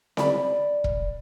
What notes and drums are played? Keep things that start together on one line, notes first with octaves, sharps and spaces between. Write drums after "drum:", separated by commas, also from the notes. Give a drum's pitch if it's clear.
D5 B5, drum: snare C4
drum: kick E1